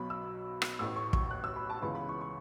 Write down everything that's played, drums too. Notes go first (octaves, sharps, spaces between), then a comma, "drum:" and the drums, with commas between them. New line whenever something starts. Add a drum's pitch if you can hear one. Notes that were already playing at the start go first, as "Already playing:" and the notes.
Already playing: B1 B2 F#3 B5
E6
drum: rim click
A1 A2 A3 E6
C#6
C#6, drum: kick
F#6
E6
B5
A5
C#2 C#3 E3 B3 B5
B5
C#6
C#6